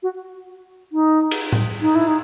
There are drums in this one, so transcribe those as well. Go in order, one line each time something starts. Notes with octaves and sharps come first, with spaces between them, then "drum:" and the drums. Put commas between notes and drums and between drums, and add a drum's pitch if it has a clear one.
F#4
D#4
drum: cymbal
drum: tom A2
D#4
E4
D#4